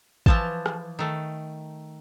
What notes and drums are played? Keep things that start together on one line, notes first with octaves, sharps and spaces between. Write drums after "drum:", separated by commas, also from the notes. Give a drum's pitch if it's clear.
E3 F3 A5, drum: kick
drum: rim click
D#3 A3